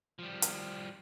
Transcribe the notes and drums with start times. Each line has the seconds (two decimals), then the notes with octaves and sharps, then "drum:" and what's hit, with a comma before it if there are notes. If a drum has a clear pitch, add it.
0.19 F3 G3
0.42 drum: hi-hat